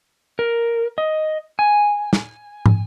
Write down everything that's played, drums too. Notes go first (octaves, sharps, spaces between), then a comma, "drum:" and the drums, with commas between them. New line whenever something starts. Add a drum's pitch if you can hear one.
A#4
D#5
G#5
drum: snare
drum: tom